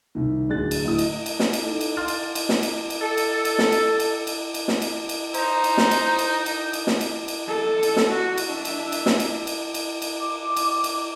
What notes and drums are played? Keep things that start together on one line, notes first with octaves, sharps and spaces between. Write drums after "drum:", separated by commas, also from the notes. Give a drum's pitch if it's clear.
C2 D#3
D1 G#3 D4 G#4 F#6 A6
drum: cymbal
D1 E4 D#6
D#5, drum: cymbal
drum: cymbal
drum: snare
drum: cymbal
D#4 A4
drum: cymbal
F5 C6 F6 A6
drum: cymbal
drum: cymbal
drum: snare
drum: cymbal
drum: cymbal
A4
drum: cymbal
drum: cymbal
drum: snare
drum: cymbal
drum: cymbal
drum: cymbal
drum: cymbal
drum: snare
drum: cymbal
drum: cymbal
D#4 C5 A#5, drum: cymbal
drum: cymbal
drum: snare
drum: cymbal
drum: cymbal
drum: cymbal
drum: cymbal
drum: snare
drum: cymbal
drum: cymbal
A4
drum: cymbal
drum: snare
F#4
drum: cymbal
D4 E5
drum: cymbal
drum: cymbal
drum: snare
drum: cymbal
drum: cymbal
drum: cymbal
drum: cymbal
D6
drum: cymbal
drum: cymbal